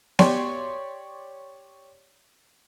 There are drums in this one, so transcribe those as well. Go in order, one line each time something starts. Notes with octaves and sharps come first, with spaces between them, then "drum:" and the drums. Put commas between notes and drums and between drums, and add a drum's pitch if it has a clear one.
G4 C#5 D5 C6, drum: snare B3